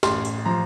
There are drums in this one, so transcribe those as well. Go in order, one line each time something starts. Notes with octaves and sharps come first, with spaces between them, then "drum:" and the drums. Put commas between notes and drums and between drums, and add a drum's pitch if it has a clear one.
A1 C6, drum: snare
drum: tambourine
F3 A#5